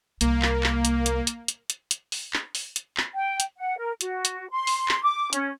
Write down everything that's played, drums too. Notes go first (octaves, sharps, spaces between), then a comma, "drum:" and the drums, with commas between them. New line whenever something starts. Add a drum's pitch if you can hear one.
C2 A#3, drum: hi-hat
drum: clap
drum: clap
drum: hi-hat
drum: hi-hat
drum: hi-hat
drum: hi-hat
drum: hi-hat
drum: hi-hat
drum: open hi-hat
drum: clap
drum: open hi-hat
drum: hi-hat
drum: clap
G5
drum: hi-hat
F#5
A#4
F#4, drum: hi-hat
drum: hi-hat
C6
drum: open hi-hat
drum: clap
D6
C#4, drum: hi-hat